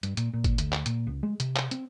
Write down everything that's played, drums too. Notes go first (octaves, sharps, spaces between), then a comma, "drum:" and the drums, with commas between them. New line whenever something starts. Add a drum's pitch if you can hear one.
G2, drum: hi-hat
A#2, drum: hi-hat
A#2
drum: kick, hi-hat
D2, drum: hi-hat
drum: clap
A#2, drum: hi-hat
C#2
G#3
C3, drum: hi-hat
drum: clap
C4, drum: hi-hat